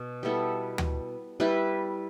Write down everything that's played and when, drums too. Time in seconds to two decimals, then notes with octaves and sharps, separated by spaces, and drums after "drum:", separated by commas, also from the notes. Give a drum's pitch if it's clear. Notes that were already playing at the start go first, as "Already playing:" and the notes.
Already playing: B2
0.23 G3 B3 E4 A4
0.78 drum: tom D2
1.40 G3 E4 B4